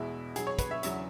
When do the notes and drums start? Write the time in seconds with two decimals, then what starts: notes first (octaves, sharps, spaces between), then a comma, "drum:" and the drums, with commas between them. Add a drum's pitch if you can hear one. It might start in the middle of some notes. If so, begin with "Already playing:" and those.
Already playing: E2 B2 G#3 E4
0.36 B2 F#3 G#4, drum: hi-hat
0.47 C#5
0.59 B4, drum: kick, hi-hat
0.71 E5
0.83 E2 C#3 F#3 E5, drum: hi-hat